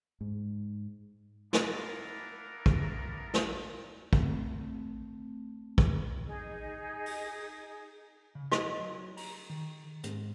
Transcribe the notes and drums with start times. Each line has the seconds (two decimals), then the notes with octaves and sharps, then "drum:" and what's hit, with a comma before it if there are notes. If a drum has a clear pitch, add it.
0.21 G#2
1.53 A#3 B3 D4 E4 A4 A#4, drum: snare
2.66 drum: kick
3.34 drum: snare
4.13 A3 C4, drum: kick
5.78 drum: kick
6.26 D#4 G#4
7.06 drum: open hi-hat
8.35 C#3
8.52 D#5, drum: rim click
8.79 F#3
9.17 A#5, drum: open hi-hat
9.50 D#3
10.03 G#2, drum: hi-hat